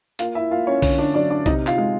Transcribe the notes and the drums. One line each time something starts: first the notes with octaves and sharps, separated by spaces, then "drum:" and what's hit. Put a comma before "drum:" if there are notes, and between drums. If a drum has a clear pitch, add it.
A#3 F4 F5, drum: hi-hat
E4 E5
A#3 F4 F5
C#4 C#5
D3 C#4 C#5, drum: kick B1, open hi-hat
D4 D5
F#3 D4 D5
D4 D5
C3 D#4 D#5, drum: kick B1, hi-hat
F4 F5, drum: clap
G#3